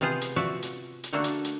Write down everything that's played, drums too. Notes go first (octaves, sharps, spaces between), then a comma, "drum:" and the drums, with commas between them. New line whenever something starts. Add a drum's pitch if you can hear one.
C3 B3 F4 G#4 C5
drum: hi-hat
F3 F#4 D5 E5
drum: hi-hat
drum: hi-hat
D3 A3 A#3 D4 F#4 A4
drum: hi-hat
drum: hi-hat